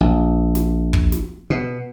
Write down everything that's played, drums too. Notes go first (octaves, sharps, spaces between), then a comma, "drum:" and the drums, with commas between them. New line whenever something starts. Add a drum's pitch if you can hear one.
A#1
drum: snare
drum: kick
drum: snare
B2